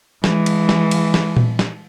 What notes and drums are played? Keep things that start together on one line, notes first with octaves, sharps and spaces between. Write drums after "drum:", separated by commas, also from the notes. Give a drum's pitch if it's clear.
E3 G#3, drum: snare
drum: cymbal
drum: snare
drum: cymbal
drum: snare
drum: tom A#2
drum: snare